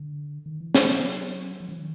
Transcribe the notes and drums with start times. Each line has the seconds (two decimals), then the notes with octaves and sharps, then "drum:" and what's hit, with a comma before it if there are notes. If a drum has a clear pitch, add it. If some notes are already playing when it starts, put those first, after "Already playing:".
Already playing: D3
0.46 D#3
0.61 E3
0.75 F3, drum: snare
0.89 F#3
1.60 F3
1.69 E3
1.78 D#3